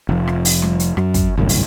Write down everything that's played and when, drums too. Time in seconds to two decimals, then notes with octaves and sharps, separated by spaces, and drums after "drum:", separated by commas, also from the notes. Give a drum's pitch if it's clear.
0.09 F1 F3
0.28 drum: rim click
0.45 drum: open hi-hat
0.62 drum: tom G3
0.80 drum: hi-hat
0.97 F#2 F#3, drum: rim click
1.14 drum: kick, hi-hat
1.37 G1 C2 F#2 A2
1.49 drum: open hi-hat